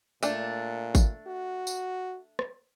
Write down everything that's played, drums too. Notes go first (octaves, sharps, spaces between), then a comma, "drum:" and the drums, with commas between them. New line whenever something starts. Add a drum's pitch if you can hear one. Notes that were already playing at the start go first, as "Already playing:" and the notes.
A#2 A3 D4, drum: tambourine
drum: kick G#1, tambourine
F#4
drum: tambourine
drum: rim click